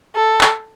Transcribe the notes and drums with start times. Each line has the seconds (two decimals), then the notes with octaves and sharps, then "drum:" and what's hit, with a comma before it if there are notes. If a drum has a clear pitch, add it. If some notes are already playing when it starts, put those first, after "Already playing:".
0.16 A4
0.41 drum: clap